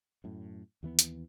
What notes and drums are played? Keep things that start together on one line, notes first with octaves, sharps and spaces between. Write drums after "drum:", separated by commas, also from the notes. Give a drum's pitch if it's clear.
F#2 A2
D#2 E3 B3
drum: hi-hat